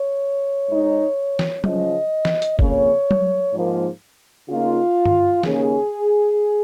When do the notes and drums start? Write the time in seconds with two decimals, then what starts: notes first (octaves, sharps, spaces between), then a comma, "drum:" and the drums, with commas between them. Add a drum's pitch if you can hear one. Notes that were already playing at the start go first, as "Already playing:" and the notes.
Already playing: C#5
0.69 G#2 G#3 D#4
1.39 drum: snare
1.64 C#3 F3 C#4 D#5, drum: tom F#3
2.25 drum: snare
2.42 drum: hi-hat
2.59 F2 C#3 A#3 C#4 C#5, drum: kick
3.11 drum: tom F#3
3.54 G#2 F3 A#3
4.49 C#3 A#3 D#4 F4
5.05 drum: tom G2
5.43 D#2 C#3 A#3 C#4 G#4, drum: snare